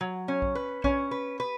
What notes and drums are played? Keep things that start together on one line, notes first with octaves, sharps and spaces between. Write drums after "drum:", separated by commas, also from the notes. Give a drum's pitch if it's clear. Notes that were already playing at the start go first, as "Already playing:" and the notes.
F#3
C#4
drum: kick A#1
B4
C#4, drum: kick A#1
B4
B4